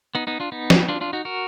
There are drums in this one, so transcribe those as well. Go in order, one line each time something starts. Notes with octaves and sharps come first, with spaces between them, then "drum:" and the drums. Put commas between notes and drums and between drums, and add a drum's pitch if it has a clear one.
B3 D#4
B3 D#4
D4 F4
B3 D#4
drum: snare
D4 F4
D4 F4
D#4 F#4
F#4 A#4